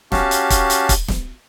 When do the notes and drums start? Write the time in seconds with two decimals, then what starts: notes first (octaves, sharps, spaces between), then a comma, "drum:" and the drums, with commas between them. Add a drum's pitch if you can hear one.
0.12 C#4 F#4 G4 F5 A5, drum: snare
0.31 drum: hi-hat
0.50 drum: kick, hi-hat
0.70 drum: hi-hat
0.89 drum: kick, hi-hat
1.08 drum: snare